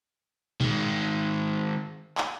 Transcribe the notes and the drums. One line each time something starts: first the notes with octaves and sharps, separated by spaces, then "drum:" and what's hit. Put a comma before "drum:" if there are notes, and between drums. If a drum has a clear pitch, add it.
D#3 G#3, drum: tom
drum: clap